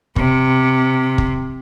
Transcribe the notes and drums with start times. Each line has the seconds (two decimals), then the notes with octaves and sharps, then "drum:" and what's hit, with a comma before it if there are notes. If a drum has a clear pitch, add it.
0.16 C3, drum: kick
1.18 drum: kick